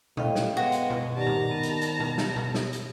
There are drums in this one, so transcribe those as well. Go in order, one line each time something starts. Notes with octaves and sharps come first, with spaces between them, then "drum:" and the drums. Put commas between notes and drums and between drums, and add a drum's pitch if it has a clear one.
A2 D#5 F5 G5, drum: tom A#2
drum: snare
G#3 B3 F#4
drum: hi-hat
drum: tom B2
D#3 G4 D5 A5 A#5
drum: tom A#2
B3
drum: hi-hat
drum: hi-hat
drum: tom B2
drum: snare
drum: tom B2
drum: snare
drum: hi-hat